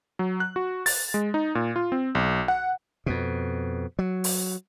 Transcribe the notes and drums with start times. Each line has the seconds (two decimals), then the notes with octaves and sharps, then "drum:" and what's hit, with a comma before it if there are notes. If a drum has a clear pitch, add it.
0.19 F#3
0.40 F#6
0.56 F#4
0.86 A6, drum: open hi-hat
1.14 G#3
1.34 D#4
1.55 A#2
1.76 F4
1.92 C4
2.15 B1
2.48 F#5
3.06 F2 B2
3.99 F#3
4.24 drum: open hi-hat